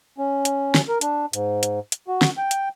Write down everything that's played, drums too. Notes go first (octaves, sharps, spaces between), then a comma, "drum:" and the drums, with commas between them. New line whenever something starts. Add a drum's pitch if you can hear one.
C#4
drum: hi-hat
drum: snare
A#4
D4, drum: hi-hat
G#2, drum: hi-hat
drum: hi-hat
drum: hi-hat
F#4
drum: snare
G5
drum: hi-hat